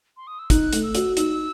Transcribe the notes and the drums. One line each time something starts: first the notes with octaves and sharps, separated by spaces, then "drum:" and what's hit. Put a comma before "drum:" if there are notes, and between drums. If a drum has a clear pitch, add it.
C6
D#6
E6
D#4 F#6, drum: kick, hi-hat
A3, drum: hi-hat
E6
F#4, drum: hi-hat
D#4 E6, drum: hi-hat